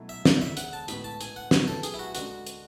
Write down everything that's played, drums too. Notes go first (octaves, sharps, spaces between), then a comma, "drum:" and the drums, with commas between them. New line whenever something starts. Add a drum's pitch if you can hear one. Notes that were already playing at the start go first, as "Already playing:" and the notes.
Already playing: B2 F#3 A3 E4 A4
E5
E1 D2 D3 D5, drum: snare
E5
F#5, drum: hi-hat
A5
A2 G#3 B3 B5, drum: hi-hat
A5
G#5, drum: hi-hat
F#5
B2 F#3 B3 C#5, drum: snare
A4
G#4, drum: hi-hat
E4
F#4
D2 D3 G#3 D4 F#4, drum: hi-hat
drum: hi-hat